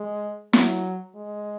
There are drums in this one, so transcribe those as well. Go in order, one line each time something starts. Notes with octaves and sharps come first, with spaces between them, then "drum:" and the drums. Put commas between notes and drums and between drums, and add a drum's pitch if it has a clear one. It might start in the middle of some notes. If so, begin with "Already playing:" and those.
Already playing: G#3
F#3, drum: snare
G#3